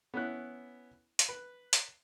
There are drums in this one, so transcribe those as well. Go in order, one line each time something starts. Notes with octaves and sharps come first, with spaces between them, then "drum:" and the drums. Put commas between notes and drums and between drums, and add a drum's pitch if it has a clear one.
B3 C#4 E4 F#6
drum: hi-hat
B4
drum: hi-hat